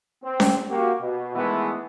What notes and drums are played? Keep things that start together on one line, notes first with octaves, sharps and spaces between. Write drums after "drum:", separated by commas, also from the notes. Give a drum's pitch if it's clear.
C4
drum: snare C#4
A#3 F#4 G4
B2
D#3 E3 G#3 A3 B3